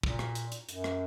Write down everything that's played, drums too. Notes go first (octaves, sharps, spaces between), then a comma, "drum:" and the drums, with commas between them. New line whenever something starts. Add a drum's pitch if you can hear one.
A#2, drum: kick
drum: rim click
drum: hi-hat
drum: hi-hat
F#2, drum: hi-hat
drum: rim click